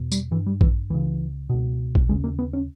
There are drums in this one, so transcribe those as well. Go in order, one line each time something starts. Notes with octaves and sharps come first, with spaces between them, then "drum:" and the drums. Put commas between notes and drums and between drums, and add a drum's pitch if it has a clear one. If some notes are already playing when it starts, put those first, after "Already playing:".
Already playing: E2 B2
G3, drum: tambourine
G2 E3
G3
E3, drum: kick A#1
C#2 C#3 E3
C#2 B2
drum: kick A#1
D#2 C#3 G#3
A#3
B3
C#4